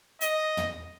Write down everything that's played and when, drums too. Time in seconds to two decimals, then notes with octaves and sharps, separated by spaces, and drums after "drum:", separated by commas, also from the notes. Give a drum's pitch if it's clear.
0.21 D#5, drum: hi-hat
0.57 drum: tom